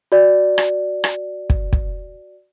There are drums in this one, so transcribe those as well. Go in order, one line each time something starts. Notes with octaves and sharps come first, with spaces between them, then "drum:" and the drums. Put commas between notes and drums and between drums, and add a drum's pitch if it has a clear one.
F#4 D5
drum: rim click
drum: rim click
drum: kick
drum: kick